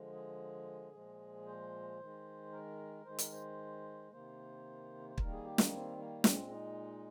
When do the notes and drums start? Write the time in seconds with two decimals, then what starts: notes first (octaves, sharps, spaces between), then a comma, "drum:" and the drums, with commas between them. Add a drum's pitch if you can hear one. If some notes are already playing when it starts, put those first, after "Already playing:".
Already playing: D3 F3 G#3
0.13 G#4
0.93 A#2 F3 G#3
1.46 C5
1.99 D#3 G#3
2.52 A#4
3.05 D#3 G#3 C5
3.19 A#4, drum: hi-hat
3.32 C5
4.12 C3 D#3 A#3 C5
5.10 C5
5.18 D#3 G3 A#3 A#4, drum: kick
5.31 G#4
5.45 G4
5.58 D#4, drum: snare
5.72 C4
5.98 A#3
6.24 A#2 G#3 C4, drum: snare
6.51 D#4